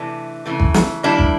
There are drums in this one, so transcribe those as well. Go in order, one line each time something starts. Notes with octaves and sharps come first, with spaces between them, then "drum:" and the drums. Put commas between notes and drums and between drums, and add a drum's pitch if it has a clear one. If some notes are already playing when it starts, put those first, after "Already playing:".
Already playing: C3 E3 A3 D4
C#3 E3 A3
drum: kick
drum: snare
D#3 G3 A#3 D4 E4
drum: kick